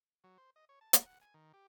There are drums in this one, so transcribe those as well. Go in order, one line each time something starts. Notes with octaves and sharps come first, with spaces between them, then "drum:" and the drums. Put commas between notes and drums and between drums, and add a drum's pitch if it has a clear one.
F#3
C5
D#5
C#5
A5
A#5, drum: hi-hat
F#5
G#5
D#3
G4